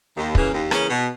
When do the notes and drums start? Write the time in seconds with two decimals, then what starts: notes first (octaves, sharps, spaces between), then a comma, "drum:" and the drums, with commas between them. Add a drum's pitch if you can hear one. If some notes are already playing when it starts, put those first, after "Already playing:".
0.16 D#2
0.35 C#3 E3 A#3 C#4, drum: kick
0.53 D#2
0.71 C#3 E3 A#3 C#4, drum: rim click
0.89 B2